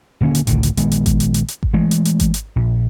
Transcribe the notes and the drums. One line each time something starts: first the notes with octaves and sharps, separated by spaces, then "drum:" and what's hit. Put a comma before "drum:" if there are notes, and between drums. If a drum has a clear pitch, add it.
D#1 D3 A#3 C#4
drum: hi-hat
C#2 A2 D3 D#3, drum: kick G#1, hi-hat
drum: hi-hat
A#1 D#3 G#3 B3, drum: hi-hat
drum: hi-hat
drum: kick G#1, hi-hat
drum: hi-hat
drum: hi-hat
drum: hi-hat
drum: kick G#1
E3 G#3 A3
drum: hi-hat
drum: hi-hat
drum: kick G#1, hi-hat
drum: hi-hat
A#1